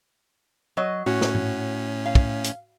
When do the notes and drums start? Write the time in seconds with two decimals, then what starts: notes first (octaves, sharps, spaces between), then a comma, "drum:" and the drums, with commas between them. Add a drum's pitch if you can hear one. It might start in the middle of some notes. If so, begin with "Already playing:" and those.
0.77 F#3 D#5
1.06 A2 C#4 F#4
1.21 drum: snare
1.35 drum: tom G#2
2.06 F5
2.15 drum: kick
2.44 drum: hi-hat